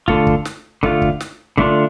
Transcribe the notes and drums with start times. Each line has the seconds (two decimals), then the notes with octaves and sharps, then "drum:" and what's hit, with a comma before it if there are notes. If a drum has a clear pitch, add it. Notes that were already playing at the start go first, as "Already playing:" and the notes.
0.08 D3 A3 F4, drum: kick
0.27 drum: kick
0.45 drum: snare
0.83 D3 A3 F4, drum: kick
1.02 drum: kick
1.20 drum: snare
1.58 D3 A3 D4 F4, drum: kick